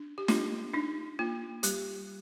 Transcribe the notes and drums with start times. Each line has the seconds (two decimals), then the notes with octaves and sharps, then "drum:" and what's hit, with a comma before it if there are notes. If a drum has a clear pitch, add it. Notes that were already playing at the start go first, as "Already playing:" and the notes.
Already playing: D4
0.18 G4
0.28 D4 F4, drum: snare
0.73 D4 D#4
1.19 A#3 F4
1.63 G3 G4, drum: hi-hat